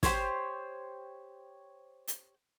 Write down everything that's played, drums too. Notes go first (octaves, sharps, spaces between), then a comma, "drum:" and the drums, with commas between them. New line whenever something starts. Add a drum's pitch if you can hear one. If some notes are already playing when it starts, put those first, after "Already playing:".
G4 C5 C#5, drum: snare
drum: hi-hat